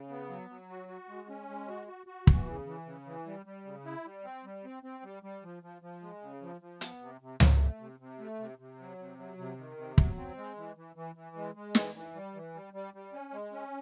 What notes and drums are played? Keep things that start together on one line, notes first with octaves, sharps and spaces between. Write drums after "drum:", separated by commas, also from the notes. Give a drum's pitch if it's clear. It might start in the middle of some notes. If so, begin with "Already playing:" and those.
Already playing: C#3
B3
F#3
F#3
F#4
F#4
G#3
C#4
G#3
F#4
F#4
F#4
E3, drum: kick
C#3
E3
C#3
E3
G3
G3
C#3
E4
G3
C4
G3
C4
C4
G3
G3
F3
F3
F3
G#3
C#3
F3
F3
B3, drum: hi-hat
C3
C3
C3, drum: tom C#2
A3
C3
C3
A3
C3
C3
F#3
C3
F#3
C3
D#3
C3
F#3, drum: kick
C4
G#3
E3
E3
E3
E3
G#3
G#3
E3, drum: snare
E3
G3
E3
G3
G3
G3
C#4
G#3
C#4